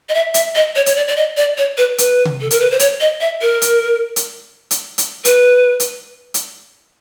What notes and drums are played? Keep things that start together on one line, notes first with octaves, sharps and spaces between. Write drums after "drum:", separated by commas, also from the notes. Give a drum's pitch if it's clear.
D#5
E5
E5, drum: hi-hat
D#5
C#5
C#5, drum: hi-hat
D5
D5
D#5
D5
C#5
B4
B4, drum: hi-hat
drum: tom C3
A4
A#4, drum: hi-hat
B4
C5
C#5, drum: hi-hat
D#5
E5
A#4
drum: hi-hat
drum: hi-hat
drum: hi-hat
drum: hi-hat
B4, drum: hi-hat
drum: hi-hat
drum: hi-hat